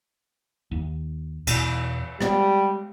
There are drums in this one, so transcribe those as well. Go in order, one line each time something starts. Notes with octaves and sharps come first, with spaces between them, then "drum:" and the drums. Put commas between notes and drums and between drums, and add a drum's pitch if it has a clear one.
D#2
E2 B2 E3, drum: cymbal
G3 G#3 B3, drum: rim click